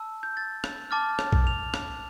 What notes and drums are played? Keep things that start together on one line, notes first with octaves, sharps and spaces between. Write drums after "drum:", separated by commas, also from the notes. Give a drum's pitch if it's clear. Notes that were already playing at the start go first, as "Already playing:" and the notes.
Already playing: A5 E6
G6
A6
drum: rim click
A5 D6 F6 A6
drum: rim click
drum: kick A#1
F7
drum: rim click